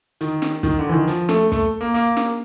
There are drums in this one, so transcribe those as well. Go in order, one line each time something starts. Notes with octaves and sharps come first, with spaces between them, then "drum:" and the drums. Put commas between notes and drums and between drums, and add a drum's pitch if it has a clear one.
D#3, drum: hi-hat
drum: snare
D#3, drum: kick, hi-hat
D3
E3
D#3
F3, drum: hi-hat
A3, drum: snare
A3, drum: kick, hi-hat
A#3
A#3, drum: hi-hat
drum: snare